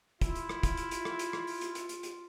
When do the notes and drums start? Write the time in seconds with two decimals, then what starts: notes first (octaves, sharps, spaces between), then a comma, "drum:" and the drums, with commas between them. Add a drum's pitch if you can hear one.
0.21 E4 F4, drum: kick, hi-hat
0.35 drum: hi-hat
0.49 drum: rim click
0.63 drum: kick, hi-hat
0.77 drum: hi-hat
0.91 drum: hi-hat
1.05 drum: rim click
1.19 drum: hi-hat
1.33 drum: rim click
1.47 drum: open hi-hat
1.61 drum: hi-hat
1.75 drum: hi-hat
1.89 drum: hi-hat
2.03 drum: hi-hat